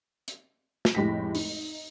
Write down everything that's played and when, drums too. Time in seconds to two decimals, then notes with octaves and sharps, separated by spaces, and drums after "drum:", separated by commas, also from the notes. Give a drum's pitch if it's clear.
0.28 drum: hi-hat
0.85 drum: snare
0.95 F1 A2 G#3 G4 A#6 B6
1.35 D#4, drum: open hi-hat